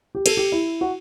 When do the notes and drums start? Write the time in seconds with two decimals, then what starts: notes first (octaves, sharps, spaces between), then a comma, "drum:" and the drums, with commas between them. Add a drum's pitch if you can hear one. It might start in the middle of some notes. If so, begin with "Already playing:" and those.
0.15 G4
0.26 A4, drum: cymbal
0.37 G4
0.52 E4
0.81 F#4